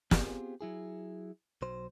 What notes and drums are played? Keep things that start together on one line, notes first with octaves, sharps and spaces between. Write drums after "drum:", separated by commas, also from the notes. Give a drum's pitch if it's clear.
B3 C4 F4 G4 G#4, drum: snare
F#3 E4 G#4
B1 F#3 C5